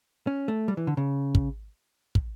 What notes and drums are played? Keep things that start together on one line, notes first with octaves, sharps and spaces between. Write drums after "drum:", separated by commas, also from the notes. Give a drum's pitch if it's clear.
C#4
A3
G3
E3
D3
C#3
drum: kick
drum: kick